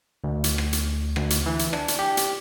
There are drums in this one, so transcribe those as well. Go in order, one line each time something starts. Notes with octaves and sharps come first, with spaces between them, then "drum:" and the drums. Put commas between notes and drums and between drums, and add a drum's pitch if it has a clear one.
D2
drum: hi-hat
drum: rim click
drum: hi-hat
D2, drum: rim click
drum: hi-hat
E3
drum: hi-hat
D4, drum: rim click
drum: hi-hat
G4
drum: hi-hat